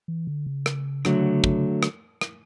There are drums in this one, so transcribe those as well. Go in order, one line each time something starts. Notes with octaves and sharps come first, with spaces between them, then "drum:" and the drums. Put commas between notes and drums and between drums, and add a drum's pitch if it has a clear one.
E3
D3
C#3
drum: rim click
D3 F#3 A3, drum: rim click
drum: kick
drum: rim click
drum: rim click